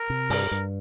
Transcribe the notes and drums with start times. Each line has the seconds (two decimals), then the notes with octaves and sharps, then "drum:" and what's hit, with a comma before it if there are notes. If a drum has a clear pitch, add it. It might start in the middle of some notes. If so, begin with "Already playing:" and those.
Already playing: A#4
0.10 C3
0.30 G2, drum: open hi-hat
0.51 G2